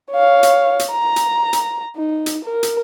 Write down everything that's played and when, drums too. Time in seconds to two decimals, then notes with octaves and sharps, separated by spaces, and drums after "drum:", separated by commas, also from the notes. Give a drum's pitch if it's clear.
0.12 C#5 F5
0.43 drum: hi-hat
0.79 drum: hi-hat
0.91 A#5
1.16 drum: hi-hat
1.53 drum: hi-hat
1.96 D#4
2.26 drum: hi-hat
2.44 A#4
2.63 drum: hi-hat